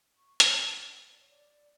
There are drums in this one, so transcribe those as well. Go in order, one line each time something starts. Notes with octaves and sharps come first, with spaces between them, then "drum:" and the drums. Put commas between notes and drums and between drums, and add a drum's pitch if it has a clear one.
C#6
G#5, drum: hi-hat
F5
F#5
F#5
D5
C#5
D5